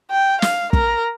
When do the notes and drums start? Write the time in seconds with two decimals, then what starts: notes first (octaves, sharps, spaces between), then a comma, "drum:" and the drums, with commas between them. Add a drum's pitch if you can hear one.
0.11 G5
0.42 F5, drum: snare
0.73 A#4, drum: kick